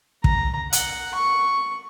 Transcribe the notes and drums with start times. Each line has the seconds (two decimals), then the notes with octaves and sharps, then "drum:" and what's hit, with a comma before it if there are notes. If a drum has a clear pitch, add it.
0.24 A#5, drum: kick
0.73 F#5, drum: hi-hat
1.15 C#6